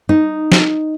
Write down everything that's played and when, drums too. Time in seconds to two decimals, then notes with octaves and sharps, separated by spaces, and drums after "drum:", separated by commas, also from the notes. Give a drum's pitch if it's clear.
0.09 D#4
0.52 drum: snare